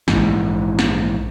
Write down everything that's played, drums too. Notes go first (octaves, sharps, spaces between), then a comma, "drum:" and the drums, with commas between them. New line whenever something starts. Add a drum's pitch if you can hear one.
A#1 G#2 E3, drum: snare
drum: snare